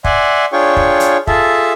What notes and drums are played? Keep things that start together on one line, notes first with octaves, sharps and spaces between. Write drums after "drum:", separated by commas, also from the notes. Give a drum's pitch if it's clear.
D5 E5 F#5 G#5 C6, drum: kick
D4 F4 G#4 C#5 G5 C#6
drum: kick
drum: hi-hat
F4 G#4 A4 E5 A5, drum: kick